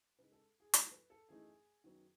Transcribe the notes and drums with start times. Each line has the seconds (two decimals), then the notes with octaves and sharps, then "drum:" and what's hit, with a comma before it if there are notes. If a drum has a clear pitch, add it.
0.18 C#3 G#3 D#4 B4
0.32 A4
0.60 G#4
0.74 E2 D#3 F#3 A4, drum: hi-hat
0.92 B4
1.10 A4
1.28 F#2 E3 A3 D#4 G#4
1.84 F#2 D#3 F#3 B3